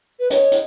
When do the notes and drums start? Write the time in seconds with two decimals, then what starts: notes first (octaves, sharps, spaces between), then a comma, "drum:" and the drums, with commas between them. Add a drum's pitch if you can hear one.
0.20 B4
0.30 C#5 D#5, drum: hi-hat
0.52 drum: hi-hat